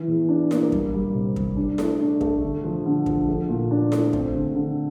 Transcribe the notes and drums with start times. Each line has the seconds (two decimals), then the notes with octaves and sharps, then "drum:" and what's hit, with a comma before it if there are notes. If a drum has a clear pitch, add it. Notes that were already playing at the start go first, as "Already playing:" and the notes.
Already playing: E3
0.08 E2
0.29 D4
0.51 A#3, drum: snare E4
0.72 G3, drum: kick
0.94 G3
1.14 C3
1.36 G3, drum: kick
1.56 D4
1.78 A3, drum: snare E4
2.00 D4
2.21 A3, drum: kick
2.42 D3
2.64 F3
2.86 D3
3.06 F3, drum: kick
3.28 A3
3.49 A#2
3.71 D4
3.92 A3, drum: snare E4
4.13 C4, drum: kick
4.34 D3
4.55 D3